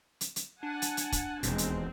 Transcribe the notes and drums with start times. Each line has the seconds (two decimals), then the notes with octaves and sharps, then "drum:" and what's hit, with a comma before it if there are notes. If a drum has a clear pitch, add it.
0.21 drum: hi-hat
0.36 drum: hi-hat
0.63 D4 F#5 G#5 A5
0.82 drum: hi-hat
0.97 drum: hi-hat
1.12 drum: kick, hi-hat
1.43 E1 D#2 B2 G#3 C4, drum: hi-hat
1.58 drum: hi-hat